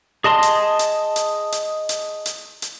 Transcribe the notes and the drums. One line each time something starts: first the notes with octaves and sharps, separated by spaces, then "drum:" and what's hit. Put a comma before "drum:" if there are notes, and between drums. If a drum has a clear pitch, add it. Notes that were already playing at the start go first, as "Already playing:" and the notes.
G#4 D#5 A5 C6 D#6
drum: hi-hat
drum: hi-hat
drum: hi-hat
drum: hi-hat
drum: hi-hat
drum: hi-hat
drum: hi-hat